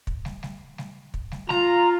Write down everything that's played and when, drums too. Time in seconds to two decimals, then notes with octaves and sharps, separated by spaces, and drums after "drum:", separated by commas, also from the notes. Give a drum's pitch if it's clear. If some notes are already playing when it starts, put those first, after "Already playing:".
0.07 drum: kick
0.25 drum: snare
0.43 drum: snare
0.78 drum: snare
1.14 drum: kick
1.32 drum: snare
1.49 F4 A#5, drum: snare